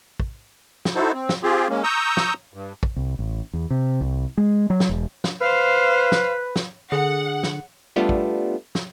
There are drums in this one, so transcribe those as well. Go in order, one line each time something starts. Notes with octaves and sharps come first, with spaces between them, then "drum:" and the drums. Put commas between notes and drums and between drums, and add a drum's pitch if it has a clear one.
drum: kick
drum: snare
D#4 E4 F#4 A4 C5
C4
drum: snare
C4 F4 G4 G#4
G#3 A#3 C#4
A#5 C#6 D#6 E6 G6
drum: snare
G2
drum: kick
C2
A1
E2
C3
C2
G#3
F#3
drum: snare
E1
drum: snare
B4 C5 F5
drum: snare
drum: snare
D3 G#4 F#5
drum: snare
G3 A3 B3 D4 F4 A4
drum: kick
drum: snare